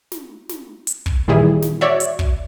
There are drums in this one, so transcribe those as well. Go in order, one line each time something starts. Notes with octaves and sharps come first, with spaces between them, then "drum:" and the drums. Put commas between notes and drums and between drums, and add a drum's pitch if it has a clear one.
drum: snare
drum: snare
drum: hi-hat
drum: kick
A#2 D#3 E3 G3 E4 G#4
drum: snare
F#4 C#5 D5 E5
drum: hi-hat
drum: kick